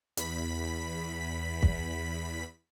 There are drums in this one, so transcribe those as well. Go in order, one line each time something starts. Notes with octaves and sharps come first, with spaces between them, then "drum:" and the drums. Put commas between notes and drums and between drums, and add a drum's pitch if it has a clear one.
E2 B5 B6, drum: hi-hat
drum: kick